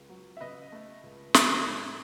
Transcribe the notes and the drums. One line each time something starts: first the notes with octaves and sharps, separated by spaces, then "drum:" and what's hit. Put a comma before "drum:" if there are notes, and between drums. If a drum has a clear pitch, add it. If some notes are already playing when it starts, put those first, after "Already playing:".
Already playing: C#2
F#3
E5
C#3 B4 D#5
A3
C#2
G#3, drum: snare
A2